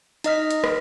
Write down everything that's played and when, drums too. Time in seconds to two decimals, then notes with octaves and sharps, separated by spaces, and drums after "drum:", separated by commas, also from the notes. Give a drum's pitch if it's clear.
0.24 D#4 D#5 F6 B6, drum: hi-hat
0.51 drum: hi-hat
0.64 drum: rim click